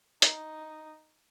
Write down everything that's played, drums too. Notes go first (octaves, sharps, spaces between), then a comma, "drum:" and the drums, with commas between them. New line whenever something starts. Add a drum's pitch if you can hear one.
D#4, drum: hi-hat